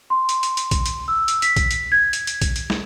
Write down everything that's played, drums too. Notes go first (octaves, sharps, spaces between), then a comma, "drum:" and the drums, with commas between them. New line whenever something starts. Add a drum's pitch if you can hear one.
C6
drum: hi-hat
drum: hi-hat
drum: hi-hat
drum: kick, hi-hat
drum: hi-hat
E6
drum: hi-hat
B6, drum: hi-hat
drum: kick, hi-hat
drum: hi-hat
G#6
drum: hi-hat
drum: hi-hat
drum: kick, hi-hat
drum: hi-hat
drum: snare